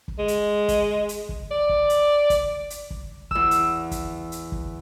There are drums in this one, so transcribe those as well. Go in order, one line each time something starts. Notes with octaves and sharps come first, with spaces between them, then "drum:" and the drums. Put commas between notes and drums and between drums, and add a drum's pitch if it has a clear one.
drum: kick
G#3
drum: hi-hat
drum: kick, hi-hat
drum: hi-hat
drum: kick
D5
drum: kick
drum: hi-hat
drum: kick, hi-hat
drum: hi-hat
drum: kick
E2 E6, drum: kick
drum: hi-hat
drum: kick, hi-hat
drum: hi-hat
drum: kick